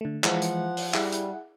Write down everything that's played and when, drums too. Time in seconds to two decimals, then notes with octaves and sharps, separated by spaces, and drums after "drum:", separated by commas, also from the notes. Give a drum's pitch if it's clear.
0.01 D3 A3
0.24 E3 F3 G#3 E4 F#5, drum: clap
0.42 drum: hi-hat
0.77 drum: open hi-hat
0.94 G3 E4 G#4 F#5, drum: clap
1.12 drum: hi-hat